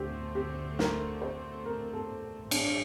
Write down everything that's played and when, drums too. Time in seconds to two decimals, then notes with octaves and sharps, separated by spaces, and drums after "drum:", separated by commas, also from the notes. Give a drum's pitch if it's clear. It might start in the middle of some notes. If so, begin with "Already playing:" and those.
Already playing: D2 D3 A3 C4 G4
0.35 G4
0.79 A#4, drum: snare
1.22 C5
1.66 A#4
1.93 A4
2.51 A1 G2 F3 A3 D4, drum: cymbal